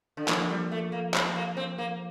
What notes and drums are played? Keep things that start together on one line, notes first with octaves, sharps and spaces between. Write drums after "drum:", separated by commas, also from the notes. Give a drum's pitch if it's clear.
D3
E3 F3 A#3 F4, drum: clap
G3
A3
A#3
C4, drum: clap
A#3
C4
A#3